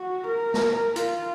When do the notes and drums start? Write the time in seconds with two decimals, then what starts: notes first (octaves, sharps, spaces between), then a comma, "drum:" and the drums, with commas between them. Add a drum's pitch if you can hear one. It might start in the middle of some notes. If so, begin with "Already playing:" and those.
Already playing: F#4
0.28 A#4
0.54 drum: snare
0.96 F4, drum: hi-hat